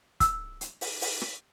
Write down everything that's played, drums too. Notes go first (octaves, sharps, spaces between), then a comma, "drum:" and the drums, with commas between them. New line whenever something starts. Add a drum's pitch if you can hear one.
E6, drum: kick, hi-hat
drum: hi-hat
drum: open hi-hat
drum: open hi-hat
drum: rim click